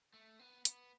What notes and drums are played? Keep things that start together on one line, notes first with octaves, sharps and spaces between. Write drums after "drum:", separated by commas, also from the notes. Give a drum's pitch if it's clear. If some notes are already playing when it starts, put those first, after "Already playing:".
A3
B3
B3, drum: hi-hat